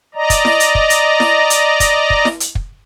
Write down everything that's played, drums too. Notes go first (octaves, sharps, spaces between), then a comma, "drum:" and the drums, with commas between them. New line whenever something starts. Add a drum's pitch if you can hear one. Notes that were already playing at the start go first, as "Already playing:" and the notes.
D5 D#5 A#5
drum: kick, hi-hat
drum: snare E4
drum: hi-hat
drum: kick
drum: hi-hat
drum: snare E4
drum: hi-hat
drum: kick, hi-hat
drum: kick
drum: snare E4
drum: hi-hat
drum: kick